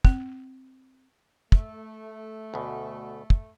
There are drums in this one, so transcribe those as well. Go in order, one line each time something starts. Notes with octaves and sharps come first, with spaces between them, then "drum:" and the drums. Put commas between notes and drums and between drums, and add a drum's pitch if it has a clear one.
C4, drum: kick
A3, drum: kick
D2 B2
drum: kick